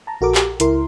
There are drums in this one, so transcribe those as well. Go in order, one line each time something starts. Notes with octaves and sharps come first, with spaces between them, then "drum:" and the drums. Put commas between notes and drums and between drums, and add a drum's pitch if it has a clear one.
A5 A#5
A#1 F#4 A4 A#4 D6
G4, drum: clap
C#2 E4 A#4 C6, drum: hi-hat